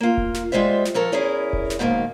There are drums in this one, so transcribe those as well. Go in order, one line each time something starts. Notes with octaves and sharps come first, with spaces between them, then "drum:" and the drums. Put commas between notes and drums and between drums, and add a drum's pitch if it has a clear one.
A#3 F4
drum: kick E1
drum: snare
G3 G#3 F4 C5 E5
drum: snare
F3 A4 A#4 C#5
E2 C#4 E4 G#4 A#4
drum: kick E1
drum: snare
G#2 B2 D#3 A3 A#3